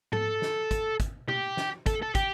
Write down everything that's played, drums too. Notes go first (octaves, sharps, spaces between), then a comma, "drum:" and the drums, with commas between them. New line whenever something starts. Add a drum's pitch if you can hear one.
A4, drum: tom G#2
drum: snare
drum: kick, hi-hat
drum: kick, hi-hat
G4, drum: tom B2
drum: snare
A4, drum: kick, hi-hat
A4
G4, drum: kick, hi-hat